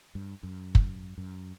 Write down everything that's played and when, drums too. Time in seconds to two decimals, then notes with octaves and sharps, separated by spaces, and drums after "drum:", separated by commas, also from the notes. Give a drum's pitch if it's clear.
0.15 G2
0.43 F#2
0.75 drum: kick
1.18 F#2